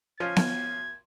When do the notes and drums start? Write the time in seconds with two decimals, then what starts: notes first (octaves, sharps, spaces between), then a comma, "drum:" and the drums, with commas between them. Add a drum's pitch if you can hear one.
0.20 F3 C#4 F4 G#6
0.36 drum: snare B3